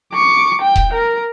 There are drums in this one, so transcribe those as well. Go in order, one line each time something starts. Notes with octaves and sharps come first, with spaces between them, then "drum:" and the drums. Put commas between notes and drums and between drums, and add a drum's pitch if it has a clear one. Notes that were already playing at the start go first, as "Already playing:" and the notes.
C#6 D6
G5
drum: kick D#1
A#4